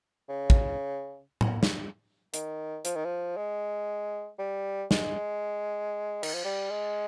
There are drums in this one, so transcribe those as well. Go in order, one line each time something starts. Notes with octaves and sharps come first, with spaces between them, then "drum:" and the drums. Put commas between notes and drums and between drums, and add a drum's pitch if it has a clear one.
C#3
drum: kick
drum: tom A2
drum: snare
D#3, drum: hi-hat
F3, drum: hi-hat
D#3
F3
G#3
G3
G#3, drum: snare
D#3, drum: cymbal
F3
G3
G#3